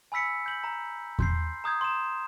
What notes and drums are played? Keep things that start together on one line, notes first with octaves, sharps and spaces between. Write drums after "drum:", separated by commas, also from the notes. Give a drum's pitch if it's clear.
G#5 B5 E6 B6 C#7
G6 F#7
A#5
C6 G6 C7, drum: kick E2
A#5 D#6 G6 G#6
C6 E7